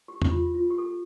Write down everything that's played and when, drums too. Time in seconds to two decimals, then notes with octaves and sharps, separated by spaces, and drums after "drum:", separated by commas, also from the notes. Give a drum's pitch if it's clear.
0.08 G4
0.22 G4, drum: tom E2
0.31 F4
0.54 F4
0.70 G4
0.78 A4